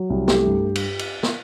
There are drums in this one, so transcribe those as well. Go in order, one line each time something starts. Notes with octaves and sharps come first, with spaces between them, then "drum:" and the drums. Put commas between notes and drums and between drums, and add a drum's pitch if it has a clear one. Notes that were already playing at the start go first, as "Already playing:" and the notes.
Already playing: F#3
C2
A3 G4, drum: snare
G2
drum: cymbal
drum: cymbal
drum: snare